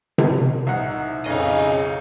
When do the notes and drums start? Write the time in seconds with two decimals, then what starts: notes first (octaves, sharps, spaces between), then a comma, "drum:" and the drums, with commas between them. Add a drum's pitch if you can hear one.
0.18 drum: tom C3
0.67 C2 D#4 F#5
1.26 B1 F2 C#3 E4 D#5